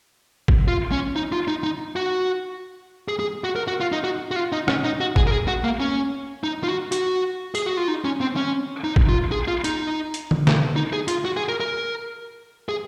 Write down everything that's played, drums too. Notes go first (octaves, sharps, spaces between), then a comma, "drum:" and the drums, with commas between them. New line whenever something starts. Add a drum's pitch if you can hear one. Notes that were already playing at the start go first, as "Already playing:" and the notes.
drum: kick
F4
C#4
D#4
F4
D#4
D#4
F#4
G#4
G#4
F#4
A#4
F#4
F4
D#4
F#4
F#4
F4
D#4
C#4, drum: rim click
D#4
F#4
G#4, drum: kick
A#4
G#4
F#4
A#3
C#4
D#4
F4
F#4
F#4, drum: hi-hat
G#4, drum: tambourine
F#4
F4
D#4
C#4
C4
C#4
D#4
drum: kick
F4
G#4
F4
D#4, drum: hi-hat
drum: hi-hat
drum: tom D3
drum: snare
D#4
G#4
F4, drum: hi-hat
F#4
G#4
A#4
A#4
G#4